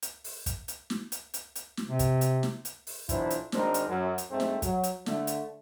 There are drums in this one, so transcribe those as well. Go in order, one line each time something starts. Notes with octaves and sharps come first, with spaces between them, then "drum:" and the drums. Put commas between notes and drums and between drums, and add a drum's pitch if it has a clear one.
drum: hi-hat
drum: open hi-hat
drum: kick, hi-hat
drum: hi-hat
drum: snare
drum: hi-hat
drum: hi-hat
drum: hi-hat
drum: snare
C3
drum: kick, hi-hat
drum: hi-hat
drum: snare
drum: hi-hat
drum: open hi-hat
B1 E3 F3 D4 E4 C5, drum: kick, hi-hat
drum: hi-hat
G#1 D4 D#4 A#4 C5, drum: snare
drum: hi-hat
F#2
drum: hi-hat
G#2 A3 C4
drum: snare
F#3, drum: kick, hi-hat
drum: hi-hat
D3 A3, drum: snare
drum: hi-hat